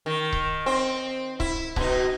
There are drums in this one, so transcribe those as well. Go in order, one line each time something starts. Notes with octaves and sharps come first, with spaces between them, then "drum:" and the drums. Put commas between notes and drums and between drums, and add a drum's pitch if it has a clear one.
D#3
drum: kick C#1
C4
E4, drum: kick C#1
B2 D#4, drum: kick C#1